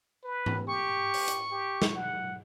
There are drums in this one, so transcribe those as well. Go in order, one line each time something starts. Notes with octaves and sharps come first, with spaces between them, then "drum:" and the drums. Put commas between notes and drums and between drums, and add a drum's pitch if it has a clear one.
B4
drum: tom G#2
G4 C#6
drum: open hi-hat
drum: hi-hat
G4
drum: snare
F#5